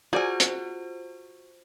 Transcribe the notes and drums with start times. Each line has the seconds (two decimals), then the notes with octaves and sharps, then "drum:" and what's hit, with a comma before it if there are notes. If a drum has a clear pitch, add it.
0.13 F4 F#4 G#4 C5 D5 G#5
0.40 drum: hi-hat